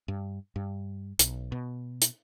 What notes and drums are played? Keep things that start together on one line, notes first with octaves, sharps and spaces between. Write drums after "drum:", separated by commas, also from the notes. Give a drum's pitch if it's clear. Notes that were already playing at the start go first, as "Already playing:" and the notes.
G2
G2
B1, drum: hi-hat
B2
drum: hi-hat